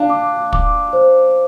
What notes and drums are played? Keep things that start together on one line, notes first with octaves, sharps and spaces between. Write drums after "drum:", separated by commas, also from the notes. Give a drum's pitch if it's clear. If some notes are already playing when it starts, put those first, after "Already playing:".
Already playing: D4 F5
D6
D6, drum: kick
C5